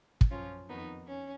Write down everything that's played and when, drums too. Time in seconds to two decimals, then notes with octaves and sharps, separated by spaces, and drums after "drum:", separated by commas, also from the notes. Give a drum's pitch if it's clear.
0.21 drum: kick
0.30 F#2 F3 C#4 F4
0.69 F2 D#3 B3 D#4
1.07 C#4